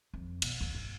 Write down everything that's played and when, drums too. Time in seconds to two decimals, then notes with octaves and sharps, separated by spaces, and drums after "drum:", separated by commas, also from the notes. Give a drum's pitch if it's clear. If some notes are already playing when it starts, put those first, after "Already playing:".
0.14 F2
0.42 B2, drum: cymbal
0.61 D#2
0.75 G2